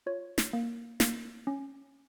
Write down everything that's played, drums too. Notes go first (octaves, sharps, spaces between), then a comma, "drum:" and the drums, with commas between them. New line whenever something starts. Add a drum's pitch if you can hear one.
F4 C#5
drum: snare
A#3
A#3, drum: snare
C#4